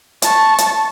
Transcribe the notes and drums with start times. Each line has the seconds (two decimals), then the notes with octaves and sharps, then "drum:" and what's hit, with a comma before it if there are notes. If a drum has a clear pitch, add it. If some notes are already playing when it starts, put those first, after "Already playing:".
0.22 A5 C#6, drum: hi-hat
0.58 drum: hi-hat